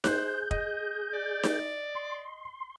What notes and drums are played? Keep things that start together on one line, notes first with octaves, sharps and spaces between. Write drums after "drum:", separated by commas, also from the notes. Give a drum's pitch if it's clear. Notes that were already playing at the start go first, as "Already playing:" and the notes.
G#4 C5 F#6 G6, drum: snare D#4
D#5, drum: kick
D5
drum: snare D#4
C6